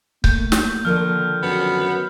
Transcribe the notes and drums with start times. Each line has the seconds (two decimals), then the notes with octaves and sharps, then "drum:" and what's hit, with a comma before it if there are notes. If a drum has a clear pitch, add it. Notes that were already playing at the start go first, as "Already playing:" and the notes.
0.24 A3 A#3 G6, drum: kick C#1
0.52 drum: snare
0.85 D3 D#3 F3 F6
1.42 F#2 B3